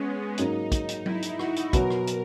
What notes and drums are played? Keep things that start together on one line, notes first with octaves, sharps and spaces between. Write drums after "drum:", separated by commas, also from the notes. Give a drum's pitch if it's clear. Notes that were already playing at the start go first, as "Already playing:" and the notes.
Already playing: G#3 B3 C#4
G#2 F#3 A#3 C#4 D#4, drum: hi-hat
drum: kick, hi-hat
drum: hi-hat
E4, drum: tom F#3
drum: hi-hat
F#4, drum: rim click
drum: hi-hat
B2 F#3 B3 F#4 A#4, drum: kick, hi-hat
drum: rim click
drum: hi-hat